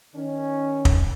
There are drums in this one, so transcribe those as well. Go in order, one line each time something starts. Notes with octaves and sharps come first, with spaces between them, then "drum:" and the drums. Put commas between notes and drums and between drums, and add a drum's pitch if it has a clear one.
D#3 C#4
drum: kick